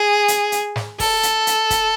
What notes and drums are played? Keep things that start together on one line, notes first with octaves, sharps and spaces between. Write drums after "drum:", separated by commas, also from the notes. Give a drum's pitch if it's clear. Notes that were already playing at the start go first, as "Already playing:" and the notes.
Already playing: G#4
drum: hi-hat
drum: hi-hat
drum: snare
A4, drum: kick, open hi-hat
drum: hi-hat
drum: hi-hat
drum: kick, hi-hat